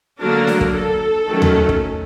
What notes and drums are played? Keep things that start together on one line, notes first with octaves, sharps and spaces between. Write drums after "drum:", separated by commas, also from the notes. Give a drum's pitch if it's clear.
D3 F#3 A#3 D4 A#4
drum: snare D4
drum: kick
A4
D#3 F#3 A3 C#4
drum: tom D#2
drum: kick